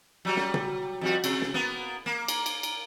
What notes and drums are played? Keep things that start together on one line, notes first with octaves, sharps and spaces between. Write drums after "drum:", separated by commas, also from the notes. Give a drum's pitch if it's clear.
F#3 G3
drum: snare
drum: tom
F2 G3 F#4
C3, drum: cymbal
drum: snare
A#3 B3
A#3
drum: cymbal
drum: cymbal
drum: cymbal